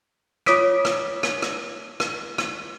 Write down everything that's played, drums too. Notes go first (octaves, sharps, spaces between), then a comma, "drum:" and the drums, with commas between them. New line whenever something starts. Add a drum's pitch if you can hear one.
F4 C#5 D6 D#6 B6 D7, drum: rim click
drum: rim click
drum: rim click
drum: rim click
drum: rim click
drum: rim click